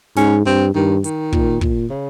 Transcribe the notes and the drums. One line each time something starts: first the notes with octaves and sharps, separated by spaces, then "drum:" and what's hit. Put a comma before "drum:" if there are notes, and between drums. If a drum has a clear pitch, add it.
G#2 C#4, drum: snare
G2 C4
G2 D#3
D#3, drum: hi-hat
A#2, drum: kick
A#2, drum: kick
C#3